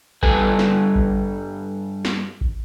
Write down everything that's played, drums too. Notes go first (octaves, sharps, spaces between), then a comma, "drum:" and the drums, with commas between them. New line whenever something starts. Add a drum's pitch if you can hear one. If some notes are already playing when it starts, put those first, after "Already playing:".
G2 G3 A4 B4 G#5, drum: kick A1
drum: snare
drum: kick A1
drum: snare
drum: kick A1